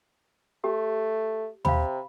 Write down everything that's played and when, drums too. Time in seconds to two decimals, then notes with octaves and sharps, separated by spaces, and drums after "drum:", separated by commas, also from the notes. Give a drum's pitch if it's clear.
0.64 A3 G4
1.65 C3 F5 B5, drum: tom D#2